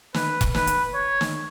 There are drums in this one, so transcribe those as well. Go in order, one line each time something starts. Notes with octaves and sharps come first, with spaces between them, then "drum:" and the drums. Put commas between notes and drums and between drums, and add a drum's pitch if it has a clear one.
B4, drum: snare
drum: kick E1, hi-hat
B4, drum: snare
drum: hi-hat
C#5
drum: snare